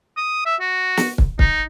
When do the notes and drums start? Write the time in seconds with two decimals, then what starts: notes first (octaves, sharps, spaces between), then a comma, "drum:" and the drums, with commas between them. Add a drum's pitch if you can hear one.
0.17 D#6
0.46 E5
0.61 F#4
0.97 drum: snare
1.18 drum: kick
1.39 D#4, drum: kick